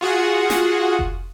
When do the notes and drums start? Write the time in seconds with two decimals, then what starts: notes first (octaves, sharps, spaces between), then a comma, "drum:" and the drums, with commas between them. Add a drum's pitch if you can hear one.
0.01 F4 F#4 G#4 F#5
0.50 drum: snare
0.99 drum: kick F1